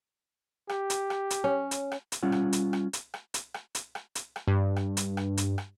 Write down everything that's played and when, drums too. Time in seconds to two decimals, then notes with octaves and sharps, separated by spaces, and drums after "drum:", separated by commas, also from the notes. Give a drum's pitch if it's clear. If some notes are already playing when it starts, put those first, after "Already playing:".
0.69 G4, drum: rim click
0.90 drum: hi-hat
1.10 drum: rim click
1.30 drum: hi-hat
1.44 C#4
1.71 drum: hi-hat
1.92 drum: rim click
2.12 drum: hi-hat
2.23 G3 C#4 F4 F#5
2.32 drum: rim click
2.53 drum: hi-hat
2.73 drum: rim click
2.93 drum: hi-hat
3.14 drum: rim click
3.34 drum: hi-hat
3.54 drum: rim click
3.75 drum: hi-hat
3.95 drum: rim click
4.15 drum: hi-hat
4.36 drum: rim click
4.47 G2
4.76 drum: rim click
4.97 drum: hi-hat
5.17 drum: rim click
5.37 drum: hi-hat
5.58 drum: rim click